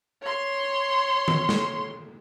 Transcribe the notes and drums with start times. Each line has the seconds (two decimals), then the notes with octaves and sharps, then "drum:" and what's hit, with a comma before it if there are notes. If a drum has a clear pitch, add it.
0.22 C#5 C6
1.28 drum: tom D#3
1.49 drum: snare